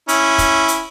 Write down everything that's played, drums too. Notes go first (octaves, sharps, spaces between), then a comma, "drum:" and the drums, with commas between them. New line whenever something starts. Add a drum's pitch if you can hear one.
C#4 E4, drum: hi-hat
drum: kick, hi-hat
drum: hi-hat